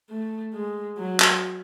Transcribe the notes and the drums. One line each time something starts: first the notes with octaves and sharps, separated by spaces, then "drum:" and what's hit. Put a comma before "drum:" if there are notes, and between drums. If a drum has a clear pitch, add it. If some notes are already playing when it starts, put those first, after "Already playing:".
A3
G#3
F#3
drum: clap